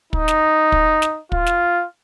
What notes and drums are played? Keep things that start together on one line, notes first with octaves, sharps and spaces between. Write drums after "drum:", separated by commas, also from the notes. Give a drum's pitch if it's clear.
D#4, drum: kick
drum: snare
drum: kick
drum: snare
F4, drum: kick
drum: snare